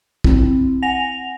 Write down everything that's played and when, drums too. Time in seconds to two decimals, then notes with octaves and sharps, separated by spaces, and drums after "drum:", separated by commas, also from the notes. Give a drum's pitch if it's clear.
0.24 C4 E4, drum: kick
0.83 F#5 G#5 A#6 F7